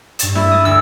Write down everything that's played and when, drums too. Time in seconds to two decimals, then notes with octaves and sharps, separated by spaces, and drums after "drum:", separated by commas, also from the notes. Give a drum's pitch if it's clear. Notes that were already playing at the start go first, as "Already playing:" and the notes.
0.19 G2 A6 E7, drum: hi-hat
0.35 E4, drum: snare
0.51 D#6 A6
0.65 D2 E6 E7